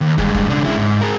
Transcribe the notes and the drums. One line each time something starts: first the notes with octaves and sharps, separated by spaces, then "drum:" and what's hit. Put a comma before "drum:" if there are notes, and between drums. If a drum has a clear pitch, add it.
D#2
G2 G#3, drum: kick
drum: kick
C#3 D4
G#3 E4
G#2
G#4 A#4